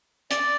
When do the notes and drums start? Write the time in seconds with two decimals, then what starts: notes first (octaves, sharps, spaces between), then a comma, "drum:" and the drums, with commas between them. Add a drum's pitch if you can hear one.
0.31 D5, drum: hi-hat